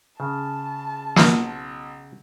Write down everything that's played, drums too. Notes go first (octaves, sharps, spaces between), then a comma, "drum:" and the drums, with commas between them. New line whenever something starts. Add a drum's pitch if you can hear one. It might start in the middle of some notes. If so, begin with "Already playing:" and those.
C#3 A5
B1 F#5 F6, drum: snare